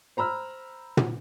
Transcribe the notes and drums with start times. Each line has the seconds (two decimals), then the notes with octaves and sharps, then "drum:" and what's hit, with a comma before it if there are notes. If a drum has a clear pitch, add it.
0.17 C5 A#5 B5 E6 F6
0.97 drum: tom